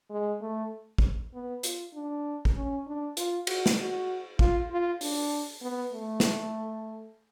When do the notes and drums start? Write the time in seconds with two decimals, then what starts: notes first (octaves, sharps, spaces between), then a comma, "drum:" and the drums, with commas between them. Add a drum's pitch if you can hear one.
0.10 G#3
0.41 A3
0.98 drum: kick
1.34 B3
1.63 F4, drum: hi-hat
1.94 D4
2.45 drum: kick
2.56 C#4
2.87 D4
3.17 F4, drum: hi-hat
3.47 F#4, drum: cymbal
3.66 drum: snare
3.79 F#4
4.39 F4, drum: kick
4.70 F4
5.01 D4, drum: open hi-hat
5.62 B3
5.93 A3
6.20 drum: snare